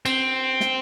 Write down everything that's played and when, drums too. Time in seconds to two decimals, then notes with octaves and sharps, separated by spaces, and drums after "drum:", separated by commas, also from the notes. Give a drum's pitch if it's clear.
0.06 C4, drum: cymbal
0.60 drum: snare